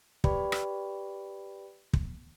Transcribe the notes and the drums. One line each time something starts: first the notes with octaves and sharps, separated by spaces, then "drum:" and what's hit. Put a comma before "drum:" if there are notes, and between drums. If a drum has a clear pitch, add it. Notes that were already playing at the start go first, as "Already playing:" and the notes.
G4 B4 D5 G5 B5, drum: kick
drum: rim click
drum: kick